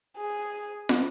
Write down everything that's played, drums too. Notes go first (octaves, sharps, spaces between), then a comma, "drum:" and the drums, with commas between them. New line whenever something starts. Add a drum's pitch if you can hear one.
G#4
drum: snare